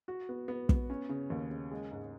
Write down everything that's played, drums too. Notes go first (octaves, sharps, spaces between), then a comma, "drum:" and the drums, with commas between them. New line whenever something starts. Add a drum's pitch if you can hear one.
F#4
B3
B3
B3, drum: kick
C#4
C#3
D#2
C#3
G#3
G#2